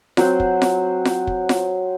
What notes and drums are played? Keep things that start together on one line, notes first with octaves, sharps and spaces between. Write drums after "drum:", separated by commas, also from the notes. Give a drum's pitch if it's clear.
F#3 C4 F#4 C5, drum: snare F4
drum: kick
drum: snare F4
drum: snare F4
drum: kick
drum: snare F4